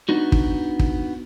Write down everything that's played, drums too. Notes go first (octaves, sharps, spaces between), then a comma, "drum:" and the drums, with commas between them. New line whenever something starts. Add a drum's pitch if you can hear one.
B3 D4 D#4 F#4
drum: kick
drum: kick